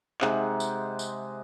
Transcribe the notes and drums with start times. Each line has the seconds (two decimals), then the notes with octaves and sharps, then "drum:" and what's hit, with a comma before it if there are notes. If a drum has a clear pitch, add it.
0.21 C3 G#3 D#4 F#5, drum: clap
0.60 drum: tambourine
0.99 drum: tambourine